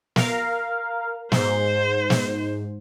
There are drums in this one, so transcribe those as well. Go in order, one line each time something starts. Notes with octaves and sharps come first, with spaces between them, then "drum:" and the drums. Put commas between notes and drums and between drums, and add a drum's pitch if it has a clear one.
A#4 F5, drum: snare
G#2 C5, drum: snare
drum: snare